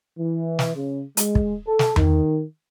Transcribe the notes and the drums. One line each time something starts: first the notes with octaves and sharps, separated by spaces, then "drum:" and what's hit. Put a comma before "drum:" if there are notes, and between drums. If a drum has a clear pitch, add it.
E3
drum: snare
C#3
G#3, drum: hi-hat
drum: kick
A4
drum: snare
D#3, drum: tom E2